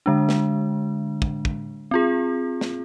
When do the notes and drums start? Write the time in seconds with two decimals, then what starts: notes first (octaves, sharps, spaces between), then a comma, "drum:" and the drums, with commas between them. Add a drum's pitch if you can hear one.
0.06 D3 G#3 D4
0.29 drum: snare
1.22 drum: kick
1.45 drum: kick
1.91 C4 F4 G#4
2.61 drum: snare